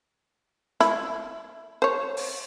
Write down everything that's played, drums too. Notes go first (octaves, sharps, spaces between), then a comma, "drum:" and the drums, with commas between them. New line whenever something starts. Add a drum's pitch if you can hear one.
E4, drum: snare
C5 C#5
drum: open hi-hat